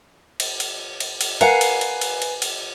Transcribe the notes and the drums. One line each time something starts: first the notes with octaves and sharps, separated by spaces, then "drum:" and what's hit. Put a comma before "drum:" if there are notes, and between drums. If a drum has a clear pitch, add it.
drum: cymbal
drum: cymbal
drum: cymbal
drum: cymbal
A#4 B4 F5 F#5 G#5 C7, drum: cymbal
drum: cymbal
drum: cymbal
drum: cymbal
drum: cymbal
drum: cymbal